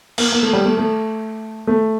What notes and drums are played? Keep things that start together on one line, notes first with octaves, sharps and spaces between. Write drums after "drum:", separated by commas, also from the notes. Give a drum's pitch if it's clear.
A#3, drum: cymbal
A#3
A3
G3
A3
A3
A3